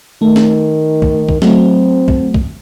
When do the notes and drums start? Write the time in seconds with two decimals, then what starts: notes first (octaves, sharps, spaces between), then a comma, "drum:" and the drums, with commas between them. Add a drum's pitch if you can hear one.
0.22 D#3 A3
0.36 drum: snare
1.02 drum: kick
1.29 drum: kick
1.42 F#3 A3 C4, drum: snare
2.08 drum: kick
2.34 drum: kick